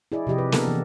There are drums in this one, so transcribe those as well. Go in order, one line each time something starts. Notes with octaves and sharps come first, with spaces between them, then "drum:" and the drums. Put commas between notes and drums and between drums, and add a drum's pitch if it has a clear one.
E4 G#4 D5 D#5
C3 F3 G4 D#5
B4
A#3 B3 D4 A4 A#4, drum: snare
E3